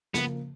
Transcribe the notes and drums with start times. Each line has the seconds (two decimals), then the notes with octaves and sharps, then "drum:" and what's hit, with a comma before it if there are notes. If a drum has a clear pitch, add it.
0.14 C#3 F3 A#3 B3, drum: snare